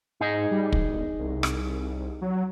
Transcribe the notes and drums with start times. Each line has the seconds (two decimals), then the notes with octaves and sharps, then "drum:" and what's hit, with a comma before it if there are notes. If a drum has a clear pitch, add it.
0.21 G#2 D#4 G#4 D#5
0.51 G3
0.72 E1, drum: kick
1.19 C2
1.43 drum: rim click
2.22 F#3